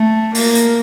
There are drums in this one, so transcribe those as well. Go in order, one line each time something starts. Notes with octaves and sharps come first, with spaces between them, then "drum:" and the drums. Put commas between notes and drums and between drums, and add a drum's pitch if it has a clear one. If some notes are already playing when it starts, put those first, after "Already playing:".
Already playing: A3
A#3, drum: open hi-hat
drum: hi-hat